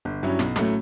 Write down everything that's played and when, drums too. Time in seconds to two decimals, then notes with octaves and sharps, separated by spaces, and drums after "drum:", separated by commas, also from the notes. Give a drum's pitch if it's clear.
0.05 G1
0.23 G2 F#3 C#4 E4
0.39 B1, drum: snare
0.56 A2 F#3 A3 C#4, drum: snare